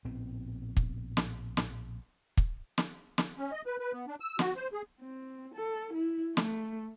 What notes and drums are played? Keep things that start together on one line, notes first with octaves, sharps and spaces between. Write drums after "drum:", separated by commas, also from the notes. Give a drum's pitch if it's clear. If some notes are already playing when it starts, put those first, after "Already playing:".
A#1 A2 B3 C4
drum: kick
drum: snare
drum: snare
drum: kick
drum: snare
drum: snare
C#4
D#5
B4
B4
B3
D4
E6
F#4, drum: snare
C5
G#4
C4
A4
E4
A3, drum: snare